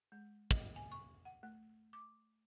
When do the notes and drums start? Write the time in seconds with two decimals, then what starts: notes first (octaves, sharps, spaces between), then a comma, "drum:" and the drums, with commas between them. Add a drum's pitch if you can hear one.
0.12 G#3
0.51 D#5, drum: kick
0.76 G#5
0.92 C#6
1.25 F#5
1.43 A3
1.93 D6